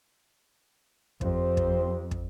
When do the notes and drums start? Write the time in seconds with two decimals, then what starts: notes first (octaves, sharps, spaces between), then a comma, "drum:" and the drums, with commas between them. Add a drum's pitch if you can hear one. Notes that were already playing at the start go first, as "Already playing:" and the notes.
1.21 F2 C4 G4 C5, drum: kick
1.57 drum: kick
2.11 drum: kick